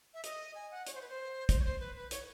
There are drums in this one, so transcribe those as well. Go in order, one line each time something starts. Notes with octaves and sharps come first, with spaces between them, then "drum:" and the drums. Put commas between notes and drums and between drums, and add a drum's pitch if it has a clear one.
E5
D#5, drum: hi-hat
G#5
F#5
C#5, drum: hi-hat
C5
B4
C5
C5, drum: kick, hi-hat
C#5
C5
B4
B4
C#5, drum: hi-hat